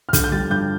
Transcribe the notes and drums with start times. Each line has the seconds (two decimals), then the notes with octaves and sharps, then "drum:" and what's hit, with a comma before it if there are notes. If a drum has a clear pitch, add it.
0.09 F6
0.13 D3 G6, drum: kick, hi-hat
0.24 G6
0.32 G3 A6
0.50 G2 G6